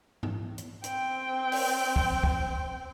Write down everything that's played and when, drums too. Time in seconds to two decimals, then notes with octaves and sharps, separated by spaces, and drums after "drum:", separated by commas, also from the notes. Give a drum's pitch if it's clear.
0.23 drum: tom G#2
0.58 drum: hi-hat
0.84 C4 G5, drum: hi-hat
1.52 drum: open hi-hat
1.96 drum: kick
2.24 drum: kick